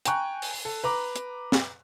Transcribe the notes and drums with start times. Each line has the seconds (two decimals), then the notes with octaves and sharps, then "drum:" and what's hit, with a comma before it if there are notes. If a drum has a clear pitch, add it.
0.05 G5 G#5 A#5 C#6 F#6, drum: hi-hat
0.42 drum: open hi-hat
0.65 A4
0.84 B4 A#5 D6
1.16 drum: hi-hat
1.52 drum: snare